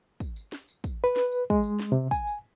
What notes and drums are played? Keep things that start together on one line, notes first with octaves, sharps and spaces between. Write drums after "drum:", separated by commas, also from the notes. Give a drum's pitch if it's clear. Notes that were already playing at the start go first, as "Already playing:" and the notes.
drum: kick, tambourine
drum: tambourine
drum: snare
drum: tambourine
drum: kick, tambourine
B4
drum: snare
drum: tambourine
G#3, drum: kick
drum: tambourine
drum: snare
C3
G#5, drum: kick, tambourine
drum: tambourine